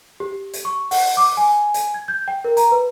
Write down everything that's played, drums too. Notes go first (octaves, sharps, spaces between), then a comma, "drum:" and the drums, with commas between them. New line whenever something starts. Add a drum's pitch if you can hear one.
G4
drum: hi-hat
C#6
F#5, drum: open hi-hat
D6
G#5
drum: hi-hat
G#6
G6
G5
A#4
A#5, drum: hi-hat
B4